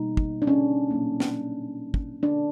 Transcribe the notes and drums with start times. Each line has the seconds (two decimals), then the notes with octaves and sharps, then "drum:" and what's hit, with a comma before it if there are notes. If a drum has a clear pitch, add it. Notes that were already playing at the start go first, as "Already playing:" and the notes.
Already playing: B2 G3 A#3 D#4
0.17 drum: kick
0.42 D4
0.47 C#4
0.91 A#2 F#3 A#3
1.20 drum: snare
1.94 drum: kick
2.23 D4